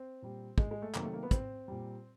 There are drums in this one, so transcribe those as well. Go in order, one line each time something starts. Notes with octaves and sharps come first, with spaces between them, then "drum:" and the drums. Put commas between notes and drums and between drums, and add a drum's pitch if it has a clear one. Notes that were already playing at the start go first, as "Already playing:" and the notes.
Already playing: C4
A#2 G3
G#3, drum: kick
G#3
A3
C3 D#3 F#3 A#3, drum: clap
A3
A#3
B3
C4, drum: kick, hi-hat
A#2 G3